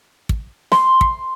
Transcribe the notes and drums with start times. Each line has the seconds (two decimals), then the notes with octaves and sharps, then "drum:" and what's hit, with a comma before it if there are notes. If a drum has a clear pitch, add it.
0.29 drum: kick
0.72 C6, drum: snare
1.01 drum: kick